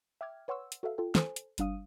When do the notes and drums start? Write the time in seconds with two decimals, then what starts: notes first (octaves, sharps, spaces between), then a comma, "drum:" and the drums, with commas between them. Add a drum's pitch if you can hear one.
0.21 E5 G5 D6 F6 G#6
0.48 B4 C#5 F#5 C6 C#6 E6
0.72 drum: hi-hat
0.83 F#4 A4 B4 E5 F5
0.98 F4 A4 G5
1.15 A4 C5 G#5, drum: snare
1.36 drum: hi-hat
1.58 G1 G3 D4 F5 D#6 D#7, drum: hi-hat